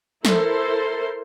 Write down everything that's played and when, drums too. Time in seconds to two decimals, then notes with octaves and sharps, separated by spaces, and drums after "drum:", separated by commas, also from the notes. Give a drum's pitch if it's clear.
0.25 E4 A4 A#4 C5 C6, drum: snare